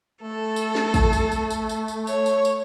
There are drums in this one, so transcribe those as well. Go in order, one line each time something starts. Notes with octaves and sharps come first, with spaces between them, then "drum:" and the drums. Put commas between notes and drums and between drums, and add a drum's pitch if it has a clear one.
A3 A4
drum: tambourine
drum: snare
drum: kick, tambourine
drum: tambourine
drum: tambourine
drum: tambourine
drum: tambourine
drum: tambourine
C#5, drum: tambourine
drum: tambourine
drum: tambourine